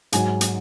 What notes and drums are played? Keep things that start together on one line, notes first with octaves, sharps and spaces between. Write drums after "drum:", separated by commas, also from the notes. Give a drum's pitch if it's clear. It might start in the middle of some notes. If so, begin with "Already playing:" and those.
G#2 F#3 G#5, drum: hi-hat
drum: hi-hat